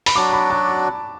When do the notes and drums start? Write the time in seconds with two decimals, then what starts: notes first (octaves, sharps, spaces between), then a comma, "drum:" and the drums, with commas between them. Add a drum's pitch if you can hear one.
0.06 B5, drum: open hi-hat
0.16 F#3 D4 F#4 D5 D6
0.33 B5
0.50 A5